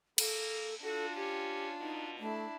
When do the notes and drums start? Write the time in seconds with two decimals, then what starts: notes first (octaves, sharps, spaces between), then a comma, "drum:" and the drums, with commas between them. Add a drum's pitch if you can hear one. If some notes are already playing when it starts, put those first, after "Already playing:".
0.18 A#3 A4, drum: cymbal
0.83 D4 F4 F#4 A4
1.16 C#4 G4
1.81 B2 D#4
2.20 A3 D4 E4